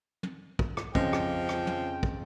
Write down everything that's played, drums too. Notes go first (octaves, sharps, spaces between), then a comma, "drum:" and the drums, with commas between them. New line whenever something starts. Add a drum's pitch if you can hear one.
drum: tom
drum: kick
drum: rim click
F2 C#3 F3 C#4 D#5 G5, drum: kick
drum: rim click
drum: rim click
drum: tom
drum: kick